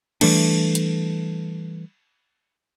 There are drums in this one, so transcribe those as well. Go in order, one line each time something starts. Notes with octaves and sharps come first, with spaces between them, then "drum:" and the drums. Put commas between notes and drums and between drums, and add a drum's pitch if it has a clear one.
E3 G3 A3 D4, drum: cymbal
drum: hi-hat